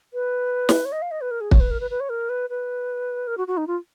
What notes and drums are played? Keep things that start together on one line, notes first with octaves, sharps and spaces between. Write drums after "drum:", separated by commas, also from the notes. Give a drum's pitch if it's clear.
B4
drum: snare
C#5
D#5
F5
D#5
B4
A#4
G#4
C#5, drum: kick
B4
A#4
B4
B4
C#5
A#4
B4
B4
A#4
F#4
F#4
D#4
F4